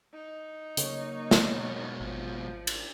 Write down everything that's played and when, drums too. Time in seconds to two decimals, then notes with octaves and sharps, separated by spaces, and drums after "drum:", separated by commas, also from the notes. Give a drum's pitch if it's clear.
0.13 D#4
0.77 C#3 F#3 A#3 C#5, drum: hi-hat
1.31 G#2 B2, drum: snare
2.00 G#1 F3
2.67 drum: cymbal